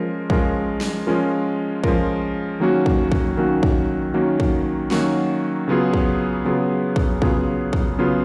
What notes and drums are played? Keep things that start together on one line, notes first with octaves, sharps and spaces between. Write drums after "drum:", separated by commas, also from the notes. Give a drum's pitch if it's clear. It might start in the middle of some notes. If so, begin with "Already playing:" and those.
Already playing: F3 G#3 C#4 F4 A#4
F3 G#3 C#4 F4 A#4, drum: kick
drum: snare
F3 G#3 C#4 F4 A#4
F3 G#3 C#4 F4 A#4, drum: kick
D#3 F#3 A#3 C#4 F#4
drum: kick
drum: kick
D#3 F#3 A#3 C#4 F#4
drum: kick
D#3 F#3 A#3 C#4 F#4
drum: kick
D#3 F#3 A#3 C#4 F#4, drum: snare
C#3 F#3 B3 F4 G#4
drum: kick
C#3 F#3 B3 F4 G#4
drum: kick
C#3 F#3 B3 F4 G#4, drum: kick
drum: kick
C#3 F#3 B3 F4 G#4